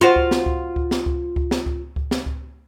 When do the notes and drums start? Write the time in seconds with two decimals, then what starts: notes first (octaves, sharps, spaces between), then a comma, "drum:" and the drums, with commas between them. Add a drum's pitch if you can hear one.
0.01 F4 F#4 C5
0.16 drum: kick C#2
0.31 drum: snare
0.46 drum: kick C#2
0.76 drum: kick C#2
0.91 drum: snare
1.06 drum: kick C#2
1.36 drum: kick C#2
1.51 drum: snare
1.66 drum: kick C#2
1.96 drum: kick C#2
2.11 drum: snare
2.26 drum: kick C#2